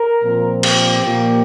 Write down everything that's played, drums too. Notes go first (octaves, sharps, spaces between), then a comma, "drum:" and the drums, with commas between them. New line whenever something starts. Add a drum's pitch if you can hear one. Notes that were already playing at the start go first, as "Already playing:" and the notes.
Already playing: A#4
A#2 F3 C4
G4, drum: cymbal
A#2 F3 A#3